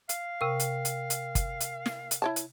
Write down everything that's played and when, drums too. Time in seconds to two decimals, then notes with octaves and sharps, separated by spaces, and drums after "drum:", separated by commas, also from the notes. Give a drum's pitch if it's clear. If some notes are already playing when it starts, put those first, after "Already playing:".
0.09 F5, drum: hi-hat
0.41 C3 A#4 G5 C#6
0.60 drum: hi-hat
0.85 drum: hi-hat
1.10 drum: hi-hat
1.35 drum: kick G1, hi-hat
1.60 drum: hi-hat
1.86 drum: snare
2.11 drum: hi-hat
2.22 E4 C#5 A5
2.36 drum: hi-hat